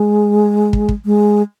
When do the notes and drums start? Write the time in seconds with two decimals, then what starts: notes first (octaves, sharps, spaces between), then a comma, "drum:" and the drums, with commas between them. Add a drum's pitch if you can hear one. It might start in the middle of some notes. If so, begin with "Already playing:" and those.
Already playing: G#3
0.73 drum: kick
0.89 drum: kick
1.05 G#3